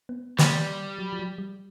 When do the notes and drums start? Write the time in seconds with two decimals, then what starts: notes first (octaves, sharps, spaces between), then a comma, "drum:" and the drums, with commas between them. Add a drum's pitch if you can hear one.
0.09 B3
0.38 G3 A#3, drum: snare
0.99 F#3
1.13 F3
1.19 F#3
1.38 G3